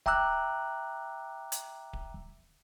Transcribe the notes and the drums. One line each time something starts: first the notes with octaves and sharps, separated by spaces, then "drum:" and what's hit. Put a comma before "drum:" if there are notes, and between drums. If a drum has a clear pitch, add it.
E5 G5 A#5 D6 E6 F#6, drum: kick D1
drum: hi-hat
drum: kick D1